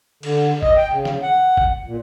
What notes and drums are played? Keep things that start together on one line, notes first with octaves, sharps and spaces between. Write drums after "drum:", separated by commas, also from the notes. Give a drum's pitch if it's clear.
D3, drum: cymbal
D#5, drum: kick G1
G5
C#3
drum: snare
F#5
drum: kick G1
A#2